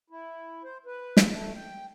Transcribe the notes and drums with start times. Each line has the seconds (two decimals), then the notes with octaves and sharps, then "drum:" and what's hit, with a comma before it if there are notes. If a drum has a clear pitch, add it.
0.10 E4
0.64 C5
0.86 B4
1.17 drum: snare
1.30 A3
1.56 G5